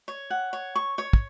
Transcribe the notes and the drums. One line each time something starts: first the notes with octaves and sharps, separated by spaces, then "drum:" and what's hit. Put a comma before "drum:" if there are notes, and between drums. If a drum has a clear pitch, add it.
C#5
F#5
C#5
C#6
C#5
drum: kick